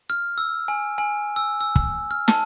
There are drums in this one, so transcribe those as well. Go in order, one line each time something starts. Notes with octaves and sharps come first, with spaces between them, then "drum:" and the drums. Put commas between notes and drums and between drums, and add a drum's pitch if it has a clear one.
F6
E6
G#5
G#5
E6
E6
drum: kick
F6
A5, drum: snare